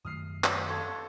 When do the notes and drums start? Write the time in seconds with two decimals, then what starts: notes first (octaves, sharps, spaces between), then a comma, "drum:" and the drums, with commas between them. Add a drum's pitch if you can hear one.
0.05 F#2 D#3 A3 D#6 F6 C7
0.44 drum: clap
0.68 A4 F5 A5 C6 C#6 G#6